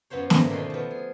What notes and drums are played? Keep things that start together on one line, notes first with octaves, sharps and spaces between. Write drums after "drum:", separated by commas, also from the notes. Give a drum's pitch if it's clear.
F#2 B3 F4 C5 C#5
G#2 D3 A3 A#3 F4, drum: snare
B2 D#3 D4 A4 B4 C6
F3 B3
G#4